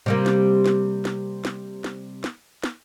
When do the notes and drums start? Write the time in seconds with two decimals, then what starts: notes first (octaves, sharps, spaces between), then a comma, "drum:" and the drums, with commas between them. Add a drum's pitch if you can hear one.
0.06 C3 G3 A#3
0.26 drum: snare
0.66 drum: snare
1.05 drum: snare
1.45 drum: snare
1.84 drum: snare
2.24 drum: snare
2.64 drum: snare